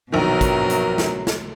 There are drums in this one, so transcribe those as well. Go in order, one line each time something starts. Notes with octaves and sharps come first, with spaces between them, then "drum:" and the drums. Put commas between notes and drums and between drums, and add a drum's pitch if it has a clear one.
A#1 B2 D#3 F#3 A#4
drum: kick, hi-hat
drum: hi-hat
drum: snare
drum: snare